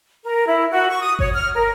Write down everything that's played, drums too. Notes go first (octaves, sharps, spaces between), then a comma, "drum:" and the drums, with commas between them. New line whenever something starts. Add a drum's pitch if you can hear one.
A#4
E4
F#4
C#6
D#6
C#5, drum: kick G#1
F6
A#4